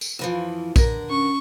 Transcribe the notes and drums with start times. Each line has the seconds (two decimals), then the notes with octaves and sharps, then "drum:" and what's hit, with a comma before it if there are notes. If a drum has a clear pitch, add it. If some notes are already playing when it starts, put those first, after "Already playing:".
0.01 drum: tambourine
0.19 F2 E3 F3
0.76 D3 A#4, drum: kick A#1, tambourine
1.10 C#4 C#6